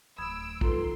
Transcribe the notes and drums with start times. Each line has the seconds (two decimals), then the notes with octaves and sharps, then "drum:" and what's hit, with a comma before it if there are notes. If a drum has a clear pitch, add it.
0.18 D1 D2 B5 D#6 E6 G#6 D7
0.61 D#2 F4 A4 B4 A#5 C6, drum: kick